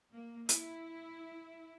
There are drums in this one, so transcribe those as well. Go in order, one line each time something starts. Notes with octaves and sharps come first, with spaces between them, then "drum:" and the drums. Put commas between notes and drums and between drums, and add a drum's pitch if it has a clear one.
A#3
E4, drum: hi-hat